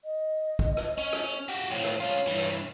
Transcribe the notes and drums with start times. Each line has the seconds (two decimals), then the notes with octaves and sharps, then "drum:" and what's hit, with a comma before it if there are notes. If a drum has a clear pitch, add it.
0.05 D#5
0.59 drum: kick
0.77 drum: rim click
0.98 C#4
1.13 drum: rim click
1.49 F#4 G4
1.71 A2 F3 C#5
1.84 drum: rim click
2.00 C#4 F4 C#5
2.28 G2 E3
2.38 drum: rim click